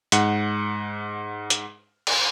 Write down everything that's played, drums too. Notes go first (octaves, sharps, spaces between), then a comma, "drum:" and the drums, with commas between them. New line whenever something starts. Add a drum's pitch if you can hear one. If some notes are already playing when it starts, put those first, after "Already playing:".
G#2 F#5 C#7, drum: hi-hat
drum: hi-hat
drum: cymbal